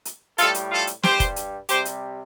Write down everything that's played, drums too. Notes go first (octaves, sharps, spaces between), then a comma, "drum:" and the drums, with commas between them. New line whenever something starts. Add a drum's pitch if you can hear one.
drum: hi-hat
A2 G3 F4 A4, drum: hi-hat
drum: hi-hat
F4 A4
drum: hi-hat
G2 G3 G4 C5, drum: snare
drum: kick F1, hi-hat
drum: hi-hat
C3 G3 G4 C5, drum: hi-hat
drum: hi-hat